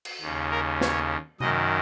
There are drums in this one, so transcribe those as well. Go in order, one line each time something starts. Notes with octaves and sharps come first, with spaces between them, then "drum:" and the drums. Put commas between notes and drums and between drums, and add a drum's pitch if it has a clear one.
drum: cymbal
D#2 C#3
A#4
C#5, drum: snare
F#2 D#3 D#5, drum: tom C3